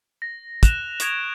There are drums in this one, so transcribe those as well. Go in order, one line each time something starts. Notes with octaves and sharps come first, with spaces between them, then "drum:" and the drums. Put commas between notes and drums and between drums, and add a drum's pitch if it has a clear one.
A#6
F#6 E7 F7 G7, drum: kick, hi-hat
C#6 D#6 G#6 D7 F7, drum: hi-hat